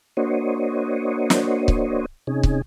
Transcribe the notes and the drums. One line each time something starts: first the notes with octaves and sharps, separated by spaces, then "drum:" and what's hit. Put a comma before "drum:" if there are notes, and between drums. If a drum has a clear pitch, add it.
A#3 D4 F#4 C5 C#5 D#5
drum: snare
drum: kick C#1
C3 C#4 D#4 G#4
drum: kick C#1